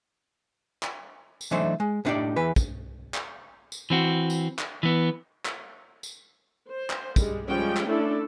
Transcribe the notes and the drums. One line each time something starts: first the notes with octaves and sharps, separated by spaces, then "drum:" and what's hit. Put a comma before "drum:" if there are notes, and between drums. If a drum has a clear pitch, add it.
drum: clap
drum: tambourine
E3 F#3 A3 D4 D#4 C5
G#3
A2 B3 D4 D#4 G4 D5
E2 E3 B4
drum: kick, tambourine
drum: clap
drum: tambourine
E3 C4 F#4
drum: tambourine
drum: clap
E3 B3
drum: clap
drum: tambourine
C5
drum: clap
G3 G#3, drum: kick, tambourine
F3 G3 G#3 C#4 G5
drum: clap
A3 C#4 D4 E4 A4